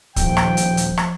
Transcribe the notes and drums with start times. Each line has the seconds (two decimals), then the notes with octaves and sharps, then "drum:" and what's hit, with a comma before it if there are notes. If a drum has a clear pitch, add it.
0.16 D#1 F3 G5, drum: kick, hi-hat
0.37 drum: rim click
0.57 drum: hi-hat
0.77 drum: hi-hat
0.98 drum: rim click